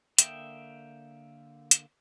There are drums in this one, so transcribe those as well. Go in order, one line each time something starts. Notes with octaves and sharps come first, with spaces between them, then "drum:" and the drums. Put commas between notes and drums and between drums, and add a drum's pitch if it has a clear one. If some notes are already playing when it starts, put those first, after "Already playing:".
D3 A#3 E5 G5 D#6, drum: hi-hat
drum: hi-hat